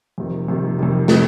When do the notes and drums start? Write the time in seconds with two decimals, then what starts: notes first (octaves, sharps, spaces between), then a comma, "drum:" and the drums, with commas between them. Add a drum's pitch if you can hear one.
0.18 F2 C3 D#3 G3
0.48 F2 C3 D#3 G3
0.79 F2 C3 D#3 G3
1.08 C3 D#3 G3, drum: snare